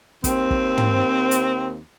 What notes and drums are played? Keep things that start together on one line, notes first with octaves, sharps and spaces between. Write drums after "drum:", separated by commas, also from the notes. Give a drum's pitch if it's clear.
D#2 C4, drum: kick, hi-hat
drum: kick
drum: tom
drum: hi-hat